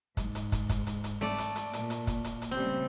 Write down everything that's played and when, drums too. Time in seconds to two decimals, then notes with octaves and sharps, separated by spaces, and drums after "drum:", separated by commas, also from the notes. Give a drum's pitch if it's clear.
0.17 G#2, drum: kick, hi-hat
0.35 drum: hi-hat
0.52 drum: kick, hi-hat
0.69 drum: kick, hi-hat
0.87 drum: hi-hat
1.04 drum: hi-hat
1.21 A3 D5, drum: snare C4
1.38 drum: hi-hat
1.56 drum: hi-hat
1.73 A#2 A#3, drum: hi-hat
1.90 drum: hi-hat
2.07 drum: kick, hi-hat
2.24 drum: hi-hat
2.42 drum: hi-hat
2.51 C#3 G3 A3 C4